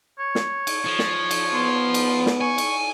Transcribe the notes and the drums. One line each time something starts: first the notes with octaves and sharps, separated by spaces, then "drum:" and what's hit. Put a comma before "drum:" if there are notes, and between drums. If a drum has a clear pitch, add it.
C#5
drum: snare
drum: cymbal
F3
drum: snare
drum: cymbal
B3 C6
drum: cymbal
drum: snare
G#5 C#6
drum: cymbal